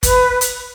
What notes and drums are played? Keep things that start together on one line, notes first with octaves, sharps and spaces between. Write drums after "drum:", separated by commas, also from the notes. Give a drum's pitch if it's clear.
B4, drum: kick, hi-hat
drum: hi-hat